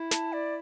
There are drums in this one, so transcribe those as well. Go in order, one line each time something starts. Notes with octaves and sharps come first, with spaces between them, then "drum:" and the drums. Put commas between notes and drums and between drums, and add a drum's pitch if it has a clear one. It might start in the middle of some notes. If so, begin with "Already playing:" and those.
Already playing: E4
A5, drum: snare
D5